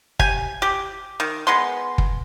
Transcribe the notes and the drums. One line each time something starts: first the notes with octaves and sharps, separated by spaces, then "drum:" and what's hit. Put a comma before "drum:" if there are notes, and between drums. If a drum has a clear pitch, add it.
G4 G#5, drum: kick
G4
D#3
G#3 B3 C6
drum: kick